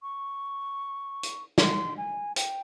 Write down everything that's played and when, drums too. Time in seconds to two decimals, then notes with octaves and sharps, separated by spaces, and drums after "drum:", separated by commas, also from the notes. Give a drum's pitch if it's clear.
0.02 C#6
1.23 drum: hi-hat
1.58 C6, drum: snare
1.97 G#5
2.36 G5, drum: hi-hat